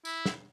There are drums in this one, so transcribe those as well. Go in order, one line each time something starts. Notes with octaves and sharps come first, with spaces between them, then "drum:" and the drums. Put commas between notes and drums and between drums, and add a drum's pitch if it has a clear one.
E4, drum: tambourine
drum: snare